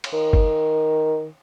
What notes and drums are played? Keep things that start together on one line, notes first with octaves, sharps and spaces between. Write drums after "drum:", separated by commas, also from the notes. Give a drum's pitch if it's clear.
drum: cymbal
D#3
drum: kick G1